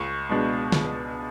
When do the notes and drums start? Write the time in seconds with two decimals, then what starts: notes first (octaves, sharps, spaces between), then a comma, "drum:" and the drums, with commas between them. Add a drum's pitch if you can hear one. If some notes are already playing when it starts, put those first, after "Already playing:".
Already playing: C#2 C#6
0.29 B2 G#3 D4
0.72 C#2, drum: snare